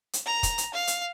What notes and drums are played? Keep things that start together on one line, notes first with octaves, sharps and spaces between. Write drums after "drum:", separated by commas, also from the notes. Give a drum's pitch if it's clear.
drum: hi-hat
A#5
drum: kick, hi-hat
drum: hi-hat
F5
drum: hi-hat